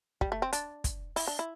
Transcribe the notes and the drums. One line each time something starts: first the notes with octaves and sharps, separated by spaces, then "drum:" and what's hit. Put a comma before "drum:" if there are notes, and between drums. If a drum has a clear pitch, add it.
G3, drum: kick
A3
C4
D4, drum: hi-hat
drum: kick, hi-hat
E4, drum: open hi-hat
D4
E4